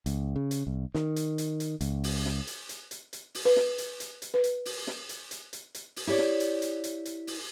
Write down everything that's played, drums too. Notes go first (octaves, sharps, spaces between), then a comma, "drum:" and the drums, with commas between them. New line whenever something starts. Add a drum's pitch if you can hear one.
C#2, drum: hi-hat
C#3
drum: hi-hat
C2
D#3, drum: snare
drum: hi-hat
drum: hi-hat
drum: hi-hat
C#2, drum: hi-hat
drum: open hi-hat
drum: snare
drum: hi-hat
drum: hi-hat
drum: hi-hat
drum: hi-hat
drum: open hi-hat
B4
drum: snare
drum: hi-hat
drum: hi-hat
drum: hi-hat
B4
drum: hi-hat
drum: open hi-hat
drum: snare
drum: hi-hat
drum: hi-hat
drum: hi-hat
drum: hi-hat
drum: open hi-hat
E4 G4 C#5 D5
drum: snare
drum: hi-hat
drum: hi-hat
drum: hi-hat
drum: hi-hat
drum: open hi-hat